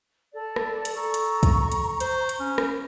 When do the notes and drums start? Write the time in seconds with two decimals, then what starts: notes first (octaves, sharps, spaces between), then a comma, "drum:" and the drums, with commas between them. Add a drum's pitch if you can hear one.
0.33 A4 D5
0.56 drum: rim click
0.85 drum: hi-hat
0.97 A4 A#5 C#6
1.14 drum: hi-hat
1.43 drum: kick, hi-hat
1.72 drum: hi-hat
2.00 C5, drum: hi-hat
2.29 drum: hi-hat
2.40 C#4
2.58 drum: rim click